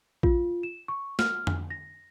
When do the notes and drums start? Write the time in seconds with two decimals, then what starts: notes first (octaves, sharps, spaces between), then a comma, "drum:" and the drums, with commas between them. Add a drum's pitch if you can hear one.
0.23 F4, drum: kick A#1
0.63 E7
0.88 C#6
1.19 F6, drum: snare
1.47 drum: tom F2
1.70 A#6